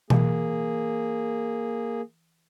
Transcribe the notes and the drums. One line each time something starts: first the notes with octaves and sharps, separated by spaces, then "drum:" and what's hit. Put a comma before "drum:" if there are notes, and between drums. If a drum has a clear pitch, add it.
E3 A#3 G#4, drum: tom B2